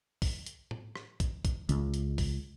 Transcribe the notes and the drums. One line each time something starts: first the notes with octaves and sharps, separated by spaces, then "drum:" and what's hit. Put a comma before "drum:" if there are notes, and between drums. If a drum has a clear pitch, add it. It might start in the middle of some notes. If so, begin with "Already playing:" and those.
drum: kick B1, open hi-hat
drum: hi-hat
drum: tom A2
drum: rim click
drum: kick B1, hi-hat
drum: kick B1, hi-hat
C#2, drum: hi-hat
drum: hi-hat
drum: kick B1, open hi-hat